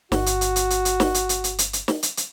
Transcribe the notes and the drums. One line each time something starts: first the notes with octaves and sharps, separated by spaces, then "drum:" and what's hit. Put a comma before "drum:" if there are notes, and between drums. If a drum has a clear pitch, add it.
G1 F#4, drum: snare
drum: hi-hat
drum: hi-hat
drum: hi-hat
drum: hi-hat
drum: hi-hat
drum: snare
drum: hi-hat
drum: hi-hat
drum: hi-hat
drum: hi-hat
drum: hi-hat
drum: snare
drum: hi-hat
drum: hi-hat